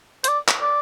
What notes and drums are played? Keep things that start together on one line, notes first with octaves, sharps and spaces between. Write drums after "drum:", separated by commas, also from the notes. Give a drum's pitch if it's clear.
C5, drum: hi-hat
D5
drum: clap
D5